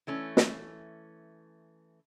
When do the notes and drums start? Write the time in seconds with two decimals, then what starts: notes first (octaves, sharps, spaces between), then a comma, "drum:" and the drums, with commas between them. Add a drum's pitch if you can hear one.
0.07 E3 A3 C#4
0.37 drum: snare